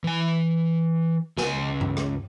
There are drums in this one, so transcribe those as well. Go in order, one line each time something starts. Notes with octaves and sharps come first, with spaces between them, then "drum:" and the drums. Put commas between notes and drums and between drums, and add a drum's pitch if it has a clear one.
E3 G#5
C#2 G#5, drum: snare
drum: tom G2
drum: rim click